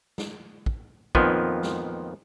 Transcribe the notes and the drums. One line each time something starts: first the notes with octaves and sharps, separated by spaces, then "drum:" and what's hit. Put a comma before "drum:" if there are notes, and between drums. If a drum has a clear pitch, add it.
drum: snare
drum: kick
F2 A#2 D#3 F3 B3, drum: kick
drum: snare